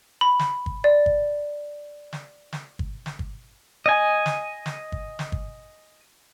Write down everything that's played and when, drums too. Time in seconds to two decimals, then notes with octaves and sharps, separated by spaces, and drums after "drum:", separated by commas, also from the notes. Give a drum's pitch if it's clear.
0.21 B5
0.39 drum: snare
0.66 drum: kick G1
0.84 D5
1.06 drum: kick G1
2.13 drum: snare
2.53 drum: snare
2.79 drum: kick G1
3.06 drum: snare
3.19 drum: kick G1
3.86 D#5 G#5
4.26 drum: snare
4.66 drum: snare
4.92 drum: kick G1
5.19 drum: snare
5.32 drum: kick G1